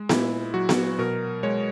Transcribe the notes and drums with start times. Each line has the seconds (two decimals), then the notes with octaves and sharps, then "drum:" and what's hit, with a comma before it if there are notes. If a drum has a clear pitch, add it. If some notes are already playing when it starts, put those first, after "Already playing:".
Already playing: G#3
0.09 A#2 E4, drum: snare B3
0.54 F#3 F#4
0.69 drum: snare B3
0.98 B2 A#4
1.43 G#3 C#5